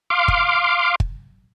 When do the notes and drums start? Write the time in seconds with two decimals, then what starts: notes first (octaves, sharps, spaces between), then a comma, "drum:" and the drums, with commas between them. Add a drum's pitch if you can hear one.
0.10 F5 C6 D6
0.28 drum: kick
1.00 drum: kick